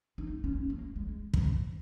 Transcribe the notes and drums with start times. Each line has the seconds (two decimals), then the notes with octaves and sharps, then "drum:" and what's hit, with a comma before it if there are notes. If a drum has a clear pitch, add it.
0.18 D#4
0.44 C#4
0.70 A#3
0.96 G#3
1.34 F3, drum: kick